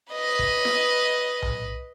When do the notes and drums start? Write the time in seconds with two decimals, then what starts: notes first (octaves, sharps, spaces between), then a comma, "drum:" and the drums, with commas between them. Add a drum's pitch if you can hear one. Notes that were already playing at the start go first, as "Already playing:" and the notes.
0.13 B4 D#5
0.39 drum: kick
0.65 drum: snare E4
1.42 drum: tom B1